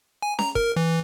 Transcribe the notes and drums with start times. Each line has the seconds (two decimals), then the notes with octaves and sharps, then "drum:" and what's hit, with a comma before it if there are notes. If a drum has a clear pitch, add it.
0.22 G#5
0.39 A#5, drum: snare C#4
0.55 A#4, drum: kick
0.76 E3